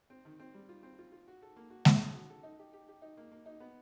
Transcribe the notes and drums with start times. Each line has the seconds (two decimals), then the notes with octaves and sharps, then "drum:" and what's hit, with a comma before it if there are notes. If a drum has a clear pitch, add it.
0.10 C4
0.25 D#3
0.40 C4
0.54 G3
0.69 F4
0.83 C4
0.98 F4
1.12 F4
1.28 F#4
1.42 A4
1.56 A#3
1.70 F#4
1.85 A4, drum: snare G#3
2.00 C#4
2.15 F#4
2.30 A4
2.43 D#4
2.59 G4
2.73 G4
2.88 G4
3.02 D#4
3.17 A#3
3.32 A#3
3.46 D#4
3.60 B3